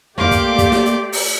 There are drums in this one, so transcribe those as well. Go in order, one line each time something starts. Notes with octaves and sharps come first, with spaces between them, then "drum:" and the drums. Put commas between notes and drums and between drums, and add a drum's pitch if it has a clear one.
A3 A#3 G4 D5 F5 C6 D6
drum: kick, hi-hat
drum: kick, hi-hat
drum: snare
drum: hi-hat
drum: open hi-hat